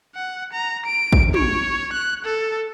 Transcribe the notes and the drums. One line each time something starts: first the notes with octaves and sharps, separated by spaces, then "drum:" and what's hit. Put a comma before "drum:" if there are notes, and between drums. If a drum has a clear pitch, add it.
F#5
A#5
D7
drum: kick
C#5, drum: tom
F#6
A4